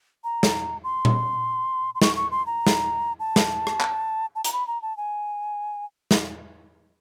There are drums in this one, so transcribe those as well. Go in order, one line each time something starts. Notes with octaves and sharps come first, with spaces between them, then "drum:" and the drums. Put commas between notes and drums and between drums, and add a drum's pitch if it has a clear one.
A#5
drum: snare
C6
drum: tom A#2
C6
C#6, drum: snare
C#6
C6
A#5
drum: snare
A5
drum: snare
drum: rim click
drum: clap
A5
A#5, drum: hi-hat
B5
A#5
A5
G#5
drum: snare